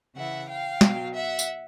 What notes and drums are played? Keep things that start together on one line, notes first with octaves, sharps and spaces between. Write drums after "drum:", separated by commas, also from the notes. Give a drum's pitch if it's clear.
C#3 E3 E5 F#5
F5 G5
B2 F#3, drum: snare
E5 F#5
drum: tambourine